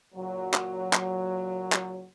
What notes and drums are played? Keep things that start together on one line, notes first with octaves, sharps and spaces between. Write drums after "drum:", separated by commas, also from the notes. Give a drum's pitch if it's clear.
F#1 A#2 F#3
drum: clap
drum: clap
drum: clap